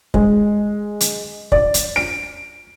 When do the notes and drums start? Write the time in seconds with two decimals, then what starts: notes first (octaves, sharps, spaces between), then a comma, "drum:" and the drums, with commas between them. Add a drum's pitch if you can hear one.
0.14 G#3, drum: kick
1.01 drum: hi-hat
1.52 D5, drum: kick
1.74 drum: hi-hat
1.96 D7